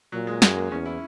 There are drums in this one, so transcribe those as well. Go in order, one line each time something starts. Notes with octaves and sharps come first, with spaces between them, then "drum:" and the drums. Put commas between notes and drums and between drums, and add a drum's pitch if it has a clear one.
A#2 F#3
G#3
F#2 G#3, drum: snare
A#3
E2 C#4
E4